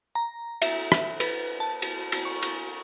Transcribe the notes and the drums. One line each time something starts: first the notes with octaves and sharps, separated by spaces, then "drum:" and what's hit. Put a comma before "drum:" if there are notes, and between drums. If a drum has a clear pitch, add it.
A#5
E5, drum: cymbal
drum: rim click
B4, drum: cymbal
A5
drum: cymbal
drum: cymbal
C#6
drum: cymbal